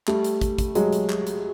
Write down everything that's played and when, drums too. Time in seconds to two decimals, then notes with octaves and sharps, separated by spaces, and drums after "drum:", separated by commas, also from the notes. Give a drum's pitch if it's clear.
0.08 G3 A3, drum: clap
0.24 drum: hi-hat
0.41 drum: kick, hi-hat
0.59 drum: kick, hi-hat
0.75 F#3 G#3, drum: hi-hat
0.93 drum: hi-hat
1.10 drum: clap
1.27 drum: hi-hat